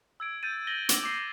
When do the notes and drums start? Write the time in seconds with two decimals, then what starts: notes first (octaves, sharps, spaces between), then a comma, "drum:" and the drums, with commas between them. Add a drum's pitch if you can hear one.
0.20 E6 G#6 D7
0.43 G6 A6 D#7
0.67 A6 A#6 F#7 G7
0.89 D6 A#6 F#7, drum: hi-hat
1.04 D6 C7 G7